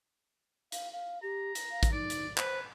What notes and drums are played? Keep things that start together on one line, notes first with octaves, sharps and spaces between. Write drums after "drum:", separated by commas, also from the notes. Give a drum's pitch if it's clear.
F5, drum: hi-hat
F5
G4 A#5
drum: hi-hat
F5
drum: kick, hi-hat
D#4 D5
drum: hi-hat
B4 C5, drum: clap